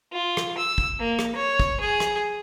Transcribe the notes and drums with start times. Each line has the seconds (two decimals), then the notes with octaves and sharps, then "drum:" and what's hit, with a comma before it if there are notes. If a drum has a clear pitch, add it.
0.13 F4
0.37 drum: rim click
0.58 E6
0.78 drum: kick
0.99 A#3
1.19 drum: rim click
1.35 C#5
1.60 drum: kick
1.80 G#4
2.00 drum: rim click